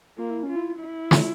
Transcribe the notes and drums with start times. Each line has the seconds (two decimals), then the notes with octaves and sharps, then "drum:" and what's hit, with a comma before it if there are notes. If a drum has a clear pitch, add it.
0.18 A#3 F4
0.30 E4
0.43 C#4
0.49 F4
0.56 E4
0.80 E4
1.11 F4, drum: snare